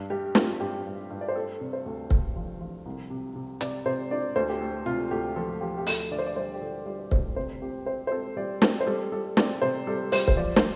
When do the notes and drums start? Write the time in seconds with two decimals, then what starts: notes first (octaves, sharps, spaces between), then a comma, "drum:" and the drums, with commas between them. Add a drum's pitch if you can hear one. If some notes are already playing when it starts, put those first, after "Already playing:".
Already playing: G2
0.10 G3 G4
0.35 C4 F4, drum: snare
0.60 G2 G4
0.86 G2
1.10 G2
1.21 D5
1.28 C5
1.35 A3 A4
1.61 C3
1.73 C5
1.86 D2
2.11 D2, drum: kick C#1
2.36 F3
2.61 F3
2.86 C2
3.10 C3
3.36 C3
3.61 C3 D5, drum: hi-hat
3.86 C3 C5
4.11 D4 D5
4.36 D2 C5
4.49 G4
4.61 A3 A4
4.86 C3 F4
5.11 D2 G4
5.36 F3 A4
5.61 F3 G4
5.78 G4
5.87 D2 A4, drum: open hi-hat
6.11 D3 D5
6.19 C5
6.26 D5
6.36 G3 C5
6.54 G4
6.61 D3 A4
6.86 G3 D5
7.00 D5
7.11 D2 C5, drum: kick C#1
7.36 C3 C5
7.62 C4 G4
7.86 C4 C5
8.07 C5
8.12 C4 A4
8.37 G3 D5
8.62 C4 C5, drum: snare
8.81 C5
8.87 G3 A4
9.12 G3 A4
9.37 C4 D5, drum: snare
9.62 C3 C5
9.87 G3 A4
10.12 G3 C5, drum: open hi-hat
10.28 C5, drum: kick C#1
10.37 F3 D5
10.56 C5, drum: snare